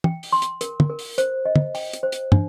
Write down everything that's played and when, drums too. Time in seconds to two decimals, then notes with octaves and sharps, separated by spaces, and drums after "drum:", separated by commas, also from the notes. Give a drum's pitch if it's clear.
0.04 G5, drum: tom
0.23 drum: open hi-hat
0.32 C6
0.42 drum: hi-hat
0.61 A#4, drum: hi-hat
0.80 drum: tom
0.90 A#4
0.99 drum: open hi-hat
1.18 C5, drum: hi-hat
1.45 D#5
1.56 drum: tom
1.75 G5, drum: open hi-hat
1.93 drum: hi-hat
2.03 C5
2.12 drum: hi-hat
2.32 D4, drum: tom